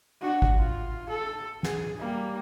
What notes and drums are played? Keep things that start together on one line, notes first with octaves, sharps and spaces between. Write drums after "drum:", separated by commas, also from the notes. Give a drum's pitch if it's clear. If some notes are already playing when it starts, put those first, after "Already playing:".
D4 F#4
drum: kick G#1
F4
A4
G#4, drum: snare
G3 A#3